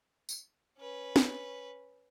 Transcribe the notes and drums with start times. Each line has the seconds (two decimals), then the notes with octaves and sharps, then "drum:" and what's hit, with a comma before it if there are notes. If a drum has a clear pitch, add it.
0.29 drum: tambourine
0.78 C#4 B4
1.16 drum: snare